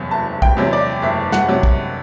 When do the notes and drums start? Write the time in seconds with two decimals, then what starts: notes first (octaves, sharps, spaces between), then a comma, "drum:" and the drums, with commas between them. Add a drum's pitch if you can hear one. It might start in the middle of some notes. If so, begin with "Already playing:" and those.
Already playing: F#1 E2 C3 F#3
0.11 F#1 A5
0.42 G5, drum: kick
0.57 E2 C3 F#3
0.73 D5
1.02 F#1 E5
1.32 F#5, drum: snare
1.48 C3 F#3
1.63 drum: kick